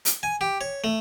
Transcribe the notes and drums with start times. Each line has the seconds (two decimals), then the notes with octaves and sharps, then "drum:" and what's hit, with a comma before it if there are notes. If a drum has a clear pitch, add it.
0.05 drum: hi-hat
0.23 G#5
0.41 G4
0.61 C#5
0.84 A3